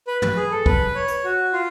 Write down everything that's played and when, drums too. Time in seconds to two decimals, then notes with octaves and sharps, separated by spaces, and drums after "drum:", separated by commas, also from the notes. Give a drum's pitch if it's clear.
0.07 B4
0.22 B4, drum: tom
0.37 G#4
0.51 A4
0.66 B4, drum: kick
0.95 C#5
1.08 drum: hi-hat
1.24 F#4
1.53 F4